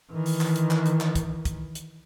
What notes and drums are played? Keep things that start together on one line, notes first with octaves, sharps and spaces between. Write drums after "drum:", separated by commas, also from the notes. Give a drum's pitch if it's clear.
D#3 E3
drum: open hi-hat
drum: clap
drum: hi-hat
drum: clap
drum: hi-hat
drum: clap
drum: kick, hi-hat
drum: kick, hi-hat
drum: hi-hat